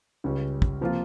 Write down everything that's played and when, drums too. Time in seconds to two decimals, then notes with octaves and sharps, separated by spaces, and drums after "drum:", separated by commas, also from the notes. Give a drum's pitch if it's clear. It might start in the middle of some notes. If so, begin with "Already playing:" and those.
0.24 C#2 C#3 G3 C#4
0.62 drum: kick
0.81 C3 F3 A#3 F4